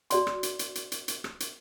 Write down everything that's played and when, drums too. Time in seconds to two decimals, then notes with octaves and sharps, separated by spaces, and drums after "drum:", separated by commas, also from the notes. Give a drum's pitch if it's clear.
0.10 F#4 D5 C6, drum: hi-hat
0.27 drum: rim click
0.43 drum: hi-hat
0.59 drum: hi-hat
0.75 drum: hi-hat
0.92 drum: hi-hat
1.08 drum: hi-hat
1.24 drum: rim click
1.40 drum: hi-hat